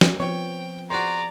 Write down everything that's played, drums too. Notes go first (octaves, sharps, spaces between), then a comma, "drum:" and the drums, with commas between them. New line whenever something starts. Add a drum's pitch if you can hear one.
drum: snare
F3 B3 C4 C#5 G5
F#4 G#4 C5 D5 A#5